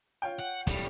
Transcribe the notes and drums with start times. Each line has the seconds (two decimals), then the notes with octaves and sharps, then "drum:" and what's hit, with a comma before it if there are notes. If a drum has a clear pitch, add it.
0.22 F4 C#5 G5
0.39 F#5
0.67 A2 G3, drum: kick, hi-hat